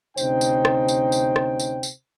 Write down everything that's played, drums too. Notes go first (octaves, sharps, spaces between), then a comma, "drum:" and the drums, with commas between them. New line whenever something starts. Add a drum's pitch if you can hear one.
D2 C3 C#4 D#4 C5 G5, drum: tambourine
drum: tambourine
drum: rim click
drum: tambourine
drum: tambourine
drum: rim click
drum: tambourine
drum: tambourine